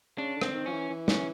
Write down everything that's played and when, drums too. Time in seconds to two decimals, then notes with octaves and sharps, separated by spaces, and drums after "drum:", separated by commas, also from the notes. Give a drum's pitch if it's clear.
0.17 C#3 D4
0.36 D3
0.41 C4, drum: rim click
0.53 D#3
0.66 F3 C#4
0.71 E3
0.90 E3
1.08 C#4, drum: snare